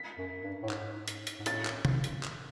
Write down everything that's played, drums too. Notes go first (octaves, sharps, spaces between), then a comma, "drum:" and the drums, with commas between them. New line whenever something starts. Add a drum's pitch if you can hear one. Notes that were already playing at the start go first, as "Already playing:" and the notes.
Already playing: B6
F#2
G2
A2
G#2, drum: clap
drum: hi-hat
drum: hi-hat
G#2
A2 A6, drum: hi-hat
drum: clap
drum: tom
drum: hi-hat
drum: clap